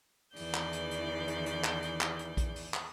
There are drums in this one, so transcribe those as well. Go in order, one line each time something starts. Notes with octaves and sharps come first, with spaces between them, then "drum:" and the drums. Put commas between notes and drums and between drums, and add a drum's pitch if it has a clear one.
E2 D#3 E3 G#4 D5 G6, drum: open hi-hat
drum: clap
drum: hi-hat
drum: hi-hat
drum: hi-hat
drum: hi-hat
drum: clap
drum: hi-hat
drum: clap
drum: hi-hat
drum: kick A#1, hi-hat
drum: open hi-hat
drum: clap